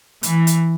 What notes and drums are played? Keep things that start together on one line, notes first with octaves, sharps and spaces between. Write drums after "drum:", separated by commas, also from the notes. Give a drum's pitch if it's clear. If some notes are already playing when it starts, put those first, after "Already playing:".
E3, drum: hi-hat
drum: hi-hat